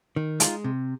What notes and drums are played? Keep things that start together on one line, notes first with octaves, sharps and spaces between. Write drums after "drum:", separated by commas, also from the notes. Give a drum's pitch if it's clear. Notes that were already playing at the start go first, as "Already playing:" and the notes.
D#3
G#3 D#4 F4, drum: hi-hat
C3